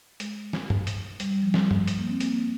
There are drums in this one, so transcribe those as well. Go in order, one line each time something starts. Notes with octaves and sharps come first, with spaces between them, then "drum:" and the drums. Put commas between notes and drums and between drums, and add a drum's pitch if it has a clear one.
G#3, drum: hi-hat
drum: snare
drum: tom
drum: hi-hat
G3, drum: hi-hat
G3
F3
G3, drum: snare
drum: tom
drum: hi-hat
A#3
C4
A#3, drum: hi-hat
A#3